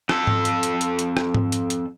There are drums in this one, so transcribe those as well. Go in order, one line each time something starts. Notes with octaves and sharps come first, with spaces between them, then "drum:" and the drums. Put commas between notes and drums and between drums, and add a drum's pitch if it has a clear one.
F2 A4, drum: rim click
drum: tom G#2
drum: hi-hat
drum: hi-hat
drum: hi-hat
drum: hi-hat
drum: rim click
drum: tom G#2
drum: hi-hat
drum: hi-hat